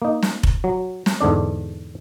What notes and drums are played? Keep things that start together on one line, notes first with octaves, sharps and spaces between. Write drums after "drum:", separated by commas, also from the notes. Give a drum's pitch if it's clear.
A#3 D#4
drum: snare
drum: kick F1
F#3
drum: snare
E2 G#2 D3 D4 D5